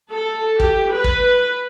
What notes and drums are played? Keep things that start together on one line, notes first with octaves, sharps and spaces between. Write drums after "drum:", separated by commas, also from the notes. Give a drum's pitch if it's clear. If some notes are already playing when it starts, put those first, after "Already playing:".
A4
G4, drum: kick
B4
drum: kick